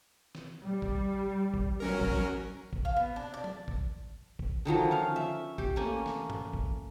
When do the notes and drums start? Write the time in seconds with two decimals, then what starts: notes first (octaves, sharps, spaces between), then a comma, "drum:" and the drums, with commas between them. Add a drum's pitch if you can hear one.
0.35 drum: snare
0.63 G3
0.82 drum: kick A1
1.54 drum: kick A1
1.80 F#3 C#4 A#4
2.01 drum: kick A1
2.73 drum: kick A1
2.85 F5
2.96 B3
3.16 D4
3.34 D5
3.44 drum: tom F#3
3.68 drum: kick A1
4.39 drum: kick A1
4.65 D3 D#3 F3 F#3
4.91 C#4 F5
5.16 E5
5.58 G4, drum: kick A1
5.76 A3 A#3 C#4 G#5
6.06 drum: snare
6.30 drum: tom G2
6.53 drum: kick A1